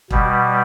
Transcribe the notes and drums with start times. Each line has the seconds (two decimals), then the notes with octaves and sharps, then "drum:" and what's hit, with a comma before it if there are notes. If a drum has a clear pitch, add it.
0.11 B2 G3, drum: kick